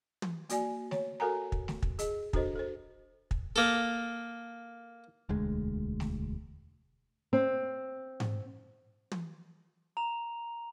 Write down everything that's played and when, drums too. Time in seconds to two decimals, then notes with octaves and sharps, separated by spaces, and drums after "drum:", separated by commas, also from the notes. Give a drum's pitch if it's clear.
0.22 drum: tom
0.50 A#3 F#4 D5 G#5, drum: hi-hat
0.91 C#5, drum: snare
1.20 F#4 A4 A#4 F#5 G#5 A#5
1.52 drum: kick
1.68 drum: snare
1.83 drum: kick
1.99 G#4 D#5, drum: hi-hat
2.33 D4 F#4 A4 C5 D#5, drum: kick
2.55 A4 C5
3.31 drum: kick
3.56 A#3 A4
5.29 E1 D2 G#3
6.00 drum: snare
7.33 C4
8.20 drum: tom G#2
9.12 drum: tom
9.97 A#5 F7